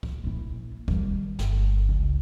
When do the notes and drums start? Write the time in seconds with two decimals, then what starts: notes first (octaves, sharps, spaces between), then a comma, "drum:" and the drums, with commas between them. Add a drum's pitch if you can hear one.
0.03 drum: kick C2
0.24 A#1 E4
0.88 D#3 G3, drum: kick C2
1.39 G1, drum: snare
1.89 C#2